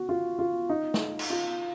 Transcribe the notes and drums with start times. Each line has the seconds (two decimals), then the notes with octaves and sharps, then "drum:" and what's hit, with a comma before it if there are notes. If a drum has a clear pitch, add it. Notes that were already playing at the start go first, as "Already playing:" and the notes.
Already playing: F#4
0.09 F4
0.39 F4
0.69 D#4
0.94 drum: snare
1.19 drum: cymbal
1.30 F4